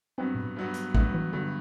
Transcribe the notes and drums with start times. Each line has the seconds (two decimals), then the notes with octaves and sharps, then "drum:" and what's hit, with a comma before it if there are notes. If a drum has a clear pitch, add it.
0.18 G2 F#3 B3 C4
0.35 drum: tom A#2
0.56 G2 F#3 B3
0.74 drum: hi-hat
0.95 G2 F#3 A3 B3, drum: kick
1.14 E3
1.33 G2 D3 F#3 B3